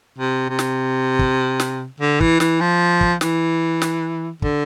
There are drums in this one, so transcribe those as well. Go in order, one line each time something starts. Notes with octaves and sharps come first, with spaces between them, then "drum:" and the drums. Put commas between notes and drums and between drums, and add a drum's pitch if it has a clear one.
C3
C3
drum: snare
drum: kick
drum: snare
D3
E3, drum: kick
E3, drum: snare
F3
drum: kick
E3, drum: snare
drum: snare
D3, drum: kick